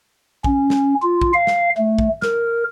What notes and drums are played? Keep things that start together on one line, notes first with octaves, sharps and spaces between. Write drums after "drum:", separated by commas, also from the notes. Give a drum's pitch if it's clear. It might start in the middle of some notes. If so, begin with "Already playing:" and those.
C#4, drum: kick
drum: snare
F4
drum: kick
F5
drum: snare
A3
drum: kick
A#4, drum: snare